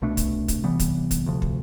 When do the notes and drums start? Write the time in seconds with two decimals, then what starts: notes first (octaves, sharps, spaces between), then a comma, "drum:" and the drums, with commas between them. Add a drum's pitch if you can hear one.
0.02 C2 B2 A3 D4
0.17 drum: kick, hi-hat
0.48 drum: kick, hi-hat
0.64 C3 E3 G3 B3
0.80 drum: kick, hi-hat
1.11 drum: kick, hi-hat
1.26 D2 C3 F3
1.42 drum: kick